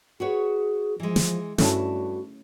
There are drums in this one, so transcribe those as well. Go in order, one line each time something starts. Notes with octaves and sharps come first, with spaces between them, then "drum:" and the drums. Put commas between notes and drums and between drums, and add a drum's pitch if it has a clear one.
F#4 G#4 B4 C#5
E3 F3 G#3
drum: snare
G2 A3 C#4 E4 F#4 A5, drum: snare